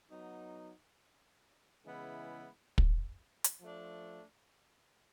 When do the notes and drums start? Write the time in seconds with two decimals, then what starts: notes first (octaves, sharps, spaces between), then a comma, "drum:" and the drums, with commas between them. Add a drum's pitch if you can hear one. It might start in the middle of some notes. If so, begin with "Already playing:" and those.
0.10 F#3 B3 D#4
1.85 C#3 E3 G#3 B3 E4
2.78 drum: kick
3.44 drum: hi-hat
3.61 F3 A3 D4